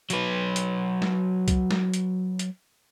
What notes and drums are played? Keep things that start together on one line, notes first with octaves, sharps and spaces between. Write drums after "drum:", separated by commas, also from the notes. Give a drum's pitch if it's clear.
F#3 B4, drum: hi-hat
drum: hi-hat
drum: snare
drum: kick C2, hi-hat
drum: snare
drum: hi-hat
drum: hi-hat